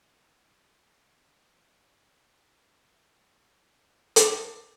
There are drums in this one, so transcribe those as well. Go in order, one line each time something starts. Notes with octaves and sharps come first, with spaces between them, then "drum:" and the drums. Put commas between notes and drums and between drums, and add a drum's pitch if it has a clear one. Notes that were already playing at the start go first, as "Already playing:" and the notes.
E5 F#5
F2 D#5
E3 C4
B2 D3 E3 G3 C#4
drum: hi-hat